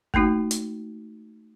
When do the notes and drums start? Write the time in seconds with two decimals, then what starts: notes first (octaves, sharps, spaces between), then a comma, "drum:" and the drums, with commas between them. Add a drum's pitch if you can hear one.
0.14 A3 A#3 D#4 F#4, drum: kick G1
0.51 drum: hi-hat